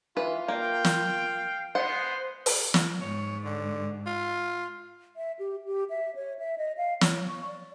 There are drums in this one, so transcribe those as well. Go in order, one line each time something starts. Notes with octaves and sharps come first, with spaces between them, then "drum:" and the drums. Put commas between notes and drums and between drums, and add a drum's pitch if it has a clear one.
E3 F4 B4
A#3 F5 G5
drum: snare
G#3 B3 C5 F#5
drum: open hi-hat
drum: snare
G#2 C#5
D3
F4
E5
G4
G4
E5
C#5
E5
D#5
F5
C#5, drum: snare
C#6
D5